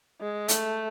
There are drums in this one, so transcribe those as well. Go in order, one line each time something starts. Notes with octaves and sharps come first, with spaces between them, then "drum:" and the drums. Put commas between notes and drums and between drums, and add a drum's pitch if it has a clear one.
G#3
A3, drum: hi-hat